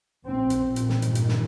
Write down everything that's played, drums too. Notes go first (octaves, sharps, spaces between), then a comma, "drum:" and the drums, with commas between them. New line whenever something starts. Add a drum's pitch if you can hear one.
A#1 C4
drum: hi-hat
A#2
drum: hi-hat
drum: snare
G2 A#2 D#3, drum: hi-hat
drum: hi-hat
drum: snare